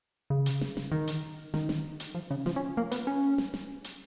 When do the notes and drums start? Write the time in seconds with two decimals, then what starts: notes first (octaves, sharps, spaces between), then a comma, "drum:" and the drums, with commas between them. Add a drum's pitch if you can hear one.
0.30 C#3
0.46 drum: hi-hat
0.61 drum: snare
0.77 drum: snare
0.92 D#3
1.08 drum: hi-hat
1.54 D#3, drum: snare
1.69 drum: snare
2.00 drum: hi-hat
2.15 F3
2.31 C#3
2.46 F3, drum: snare
2.56 C#4
2.77 A#3
2.92 B3, drum: hi-hat
3.07 C#4
3.38 drum: snare
3.54 drum: snare
3.84 drum: hi-hat